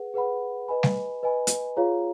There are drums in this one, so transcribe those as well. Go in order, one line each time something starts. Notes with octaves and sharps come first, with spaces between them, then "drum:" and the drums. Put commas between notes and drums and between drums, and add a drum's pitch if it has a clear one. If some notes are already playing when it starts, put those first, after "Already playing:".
Already playing: G#4 B4 F#5
G#4 B4 F#5 B5
B4 D#5 G#5 B5
drum: snare G3
B4 D#5 G#5 B5
drum: hi-hat
F4 G#4 C#5 F5 A#5